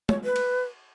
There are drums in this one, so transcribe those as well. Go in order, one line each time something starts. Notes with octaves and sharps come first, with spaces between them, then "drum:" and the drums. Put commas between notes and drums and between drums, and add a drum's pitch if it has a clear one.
C#5, drum: tom
B4
drum: cymbal